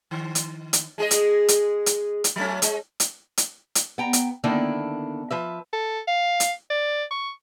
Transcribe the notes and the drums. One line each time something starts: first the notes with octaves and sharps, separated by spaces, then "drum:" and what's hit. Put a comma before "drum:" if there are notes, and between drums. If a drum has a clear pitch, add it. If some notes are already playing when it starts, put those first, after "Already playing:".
D#3
drum: hi-hat
drum: hi-hat
G#3 G#4 D#5
drum: hi-hat
drum: hi-hat
drum: hi-hat
drum: hi-hat
F#3 A3 C#4
G#3, drum: hi-hat
drum: hi-hat
drum: hi-hat
drum: hi-hat
B3 G5 A#5
drum: hi-hat
D3 D#3 A#3 B3 D4 E4
F3 B4 E5
A4
F5
drum: hi-hat
D5
C#6